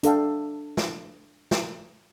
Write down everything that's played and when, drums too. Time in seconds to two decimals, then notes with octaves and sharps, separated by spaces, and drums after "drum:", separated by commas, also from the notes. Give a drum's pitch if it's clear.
0.03 D4 A4 F5 G5, drum: hi-hat
0.77 drum: snare
1.51 drum: snare